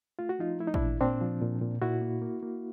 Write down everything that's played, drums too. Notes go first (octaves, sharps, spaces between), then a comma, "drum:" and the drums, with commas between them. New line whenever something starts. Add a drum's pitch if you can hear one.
A3 F4
F#4
F3 D#4 F4
A3 E4
D#4
D4 E4, drum: kick
A#2
A#2 C4 D4
F3
A#2
A#2
A#2 E4 F#4
A#3
A#3
A#3